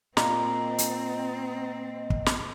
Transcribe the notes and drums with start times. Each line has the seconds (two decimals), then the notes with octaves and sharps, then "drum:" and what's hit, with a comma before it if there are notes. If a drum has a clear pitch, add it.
0.17 A#2 C4 D#5 A#5, drum: snare
0.78 drum: hi-hat
2.10 drum: kick
2.26 drum: snare